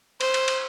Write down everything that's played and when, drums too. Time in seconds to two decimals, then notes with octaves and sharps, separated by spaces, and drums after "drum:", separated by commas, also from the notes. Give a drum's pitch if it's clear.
0.21 C5, drum: cymbal
0.34 drum: cymbal
0.48 drum: cymbal